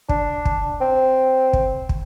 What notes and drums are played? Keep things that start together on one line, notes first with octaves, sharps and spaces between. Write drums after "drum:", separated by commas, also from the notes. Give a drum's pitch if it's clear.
D4, drum: kick
drum: kick
C4
drum: kick
drum: kick